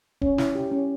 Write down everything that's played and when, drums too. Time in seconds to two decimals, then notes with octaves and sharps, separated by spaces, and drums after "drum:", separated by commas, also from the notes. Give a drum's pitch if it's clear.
0.22 C#4, drum: kick D1
0.38 E4, drum: snare
0.55 G4
0.72 C#4